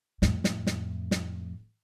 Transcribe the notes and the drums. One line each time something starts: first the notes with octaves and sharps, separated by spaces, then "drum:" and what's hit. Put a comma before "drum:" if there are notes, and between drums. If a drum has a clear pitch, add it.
F2 A2, drum: snare
drum: snare
drum: snare
drum: snare